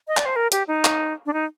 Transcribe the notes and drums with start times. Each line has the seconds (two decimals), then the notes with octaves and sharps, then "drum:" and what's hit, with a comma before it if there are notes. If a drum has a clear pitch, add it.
0.08 D#5
0.17 D5, drum: clap
0.26 C5
0.36 A#4
0.52 G4, drum: hi-hat
0.68 D#4
0.85 drum: clap
1.26 D4
1.33 D#4